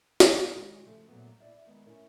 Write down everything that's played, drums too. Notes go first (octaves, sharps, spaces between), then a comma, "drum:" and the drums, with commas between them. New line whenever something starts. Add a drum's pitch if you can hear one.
drum: snare
D#3 G#3 C#4 G4 G#4
C#3 F3 A3
F#2 A#2 F#3 A3 B3
E4 D5 E5
D#3 F#3 G#3 B3
A3 C#4 E4 A#4